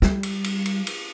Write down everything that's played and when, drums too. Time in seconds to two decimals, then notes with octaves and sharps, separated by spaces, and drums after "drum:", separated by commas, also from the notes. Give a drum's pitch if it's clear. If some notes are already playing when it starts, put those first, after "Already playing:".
0.02 G3, drum: snare
0.23 drum: cymbal
0.44 drum: cymbal
0.66 drum: cymbal
0.87 drum: cymbal